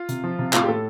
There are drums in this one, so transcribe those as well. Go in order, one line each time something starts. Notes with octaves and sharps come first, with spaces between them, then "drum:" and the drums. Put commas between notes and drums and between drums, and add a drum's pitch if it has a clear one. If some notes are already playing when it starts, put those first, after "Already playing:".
Already playing: F4
C3, drum: hi-hat
F3
C3
A2 F4, drum: clap
G4
A2 A4